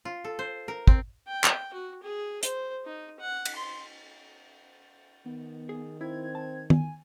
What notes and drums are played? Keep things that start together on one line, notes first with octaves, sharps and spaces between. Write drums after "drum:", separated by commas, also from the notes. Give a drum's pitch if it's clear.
F4
A4
C5
A#4
C4, drum: kick
G5
drum: clap
F#4
G#4
C5, drum: hi-hat
D#4
F#5
drum: cymbal
C6
D#3 B3
G#4
C4 E4 G#6
A5
G#5, drum: tom D#3